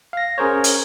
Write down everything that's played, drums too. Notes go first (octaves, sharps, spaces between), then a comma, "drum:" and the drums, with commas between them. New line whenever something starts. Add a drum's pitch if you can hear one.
F5 A#6
C#4 G#4 A#4 C5 C#5
drum: hi-hat